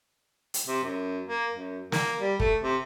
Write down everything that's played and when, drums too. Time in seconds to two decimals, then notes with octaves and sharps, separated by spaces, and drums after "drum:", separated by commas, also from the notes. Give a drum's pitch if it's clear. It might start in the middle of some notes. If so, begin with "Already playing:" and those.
0.54 drum: hi-hat
0.67 C3
0.83 F#2
1.28 A#3
1.53 F#2
1.92 A#3, drum: snare
2.21 G3
2.40 A3, drum: kick
2.62 C3